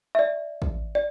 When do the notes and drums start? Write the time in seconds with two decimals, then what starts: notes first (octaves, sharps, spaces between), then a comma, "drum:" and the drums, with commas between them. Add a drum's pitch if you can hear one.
0.15 E5
0.19 D5
0.62 drum: kick
0.95 D5